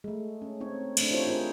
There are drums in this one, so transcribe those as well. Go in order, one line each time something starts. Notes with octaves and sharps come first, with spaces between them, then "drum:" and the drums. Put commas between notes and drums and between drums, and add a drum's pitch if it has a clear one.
G#3 A3
C#4
C4 D#4 C#5
A3 C4 D4, drum: cymbal
E4 F4 G4 C5 C#5
D#4 F4 G#4 A#4 C5